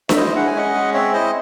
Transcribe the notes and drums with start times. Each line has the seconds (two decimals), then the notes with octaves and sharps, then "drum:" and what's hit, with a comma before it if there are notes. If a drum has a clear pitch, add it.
0.09 E5, drum: snare D4
0.16 E4 C5 D#5
0.36 G#3 F#5
0.47 G#5
0.55 C#4 D#5 F#5
0.75 G#3
0.94 C4 C#5 E5
1.13 E4 C5 D#5